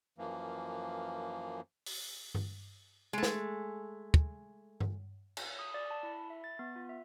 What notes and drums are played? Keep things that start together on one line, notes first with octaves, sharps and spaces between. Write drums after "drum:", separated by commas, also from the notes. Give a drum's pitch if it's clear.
F#2 E3 F3 A#3
drum: open hi-hat
drum: tom G2
G#3 A3
drum: snare
drum: kick
drum: tom G2
drum: cymbal
D#6
D5
A5
E4
B5
E5
A6
B3
F4
E5